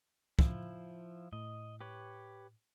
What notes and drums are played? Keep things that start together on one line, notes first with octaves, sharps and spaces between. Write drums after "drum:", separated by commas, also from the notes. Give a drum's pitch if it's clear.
F3 E4, drum: kick
A2 D#5
G4 B4 C#5